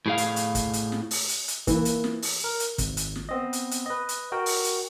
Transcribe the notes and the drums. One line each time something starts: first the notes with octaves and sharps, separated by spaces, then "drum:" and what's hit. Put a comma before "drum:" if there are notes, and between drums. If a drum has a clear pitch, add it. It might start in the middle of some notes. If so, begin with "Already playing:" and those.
A2 G#4 F5
drum: hi-hat
drum: hi-hat
drum: kick, hi-hat
drum: hi-hat
drum: snare
drum: open hi-hat
drum: hi-hat
drum: hi-hat
E3 A#3, drum: kick, hi-hat
drum: hi-hat
drum: snare
drum: open hi-hat
A#4
drum: hi-hat
G#1, drum: kick, hi-hat
drum: hi-hat
drum: snare
B3 C4 D#5
drum: hi-hat
drum: hi-hat
B4 D#5
drum: hi-hat
F#4 A#4 G5
drum: open hi-hat
drum: hi-hat